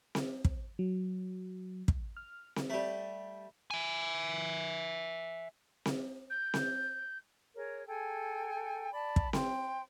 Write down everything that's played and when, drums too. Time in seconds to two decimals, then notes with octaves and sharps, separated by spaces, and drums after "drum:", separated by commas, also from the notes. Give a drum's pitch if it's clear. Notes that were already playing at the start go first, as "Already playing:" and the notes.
0.15 drum: snare C4
0.45 drum: kick
0.79 F#3
1.88 drum: kick
2.17 F6
2.56 drum: snare C4
2.70 G3 A3
3.71 E5 G#5
5.86 drum: snare C4
6.30 G6
6.54 drum: snare C4
7.55 G#4 A#4 C#5
7.88 G#4 A4 G5 G#5
8.93 D5 A5 B5
9.16 drum: kick
9.33 G5 C6, drum: snare C4